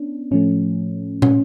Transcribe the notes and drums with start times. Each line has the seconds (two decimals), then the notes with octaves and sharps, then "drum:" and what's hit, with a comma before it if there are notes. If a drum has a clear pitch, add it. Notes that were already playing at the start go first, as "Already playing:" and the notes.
Already playing: B3 C#4 D4
0.31 A2 F3 A3 C#4
1.22 C#4, drum: tom